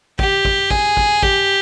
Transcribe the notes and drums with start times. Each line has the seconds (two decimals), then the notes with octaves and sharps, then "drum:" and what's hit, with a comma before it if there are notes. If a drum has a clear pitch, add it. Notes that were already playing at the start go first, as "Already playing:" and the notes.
0.19 G4, drum: kick
0.45 drum: kick
0.71 G#4, drum: kick
0.97 drum: kick
1.23 G4, drum: kick